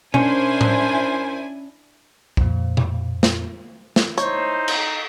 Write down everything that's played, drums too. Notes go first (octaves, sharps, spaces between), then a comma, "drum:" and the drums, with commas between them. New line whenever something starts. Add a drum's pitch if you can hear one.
C#4 D4 E4 A#4 C5 G#5, drum: tom
drum: tom A2
F2 A#2, drum: kick
drum: tom
drum: snare
drum: snare
D#4 E4 C5 C#5, drum: hi-hat
drum: cymbal